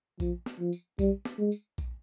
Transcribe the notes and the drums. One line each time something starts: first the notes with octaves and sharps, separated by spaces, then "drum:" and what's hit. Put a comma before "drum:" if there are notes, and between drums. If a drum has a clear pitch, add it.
F3, drum: kick A#1, tambourine
drum: snare
F3
drum: tambourine
G3, drum: kick A#1, tambourine
drum: snare
G#3
drum: tambourine
drum: kick A#1, tambourine